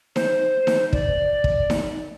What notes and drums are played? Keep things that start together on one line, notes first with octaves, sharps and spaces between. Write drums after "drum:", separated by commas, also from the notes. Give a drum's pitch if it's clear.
C5, drum: snare D#4
drum: snare D#4
D5, drum: kick
drum: kick
drum: snare D#4